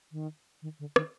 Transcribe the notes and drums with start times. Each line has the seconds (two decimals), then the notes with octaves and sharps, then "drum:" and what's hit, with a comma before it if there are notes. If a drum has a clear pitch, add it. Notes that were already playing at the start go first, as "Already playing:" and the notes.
0.12 D#3
0.62 D#3
0.79 D3
0.96 D#3, drum: rim click